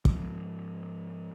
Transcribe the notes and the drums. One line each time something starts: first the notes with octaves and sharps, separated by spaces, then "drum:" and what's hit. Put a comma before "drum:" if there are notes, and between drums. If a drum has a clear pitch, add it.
G#2 F3, drum: kick